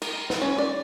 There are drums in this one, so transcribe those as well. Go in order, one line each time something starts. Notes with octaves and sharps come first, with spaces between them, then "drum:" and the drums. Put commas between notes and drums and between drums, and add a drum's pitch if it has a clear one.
A#4, drum: cymbal
drum: snare
C#4
D5